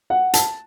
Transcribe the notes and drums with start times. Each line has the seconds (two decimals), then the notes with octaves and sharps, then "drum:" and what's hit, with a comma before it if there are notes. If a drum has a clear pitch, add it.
0.10 F#5
0.34 A5, drum: hi-hat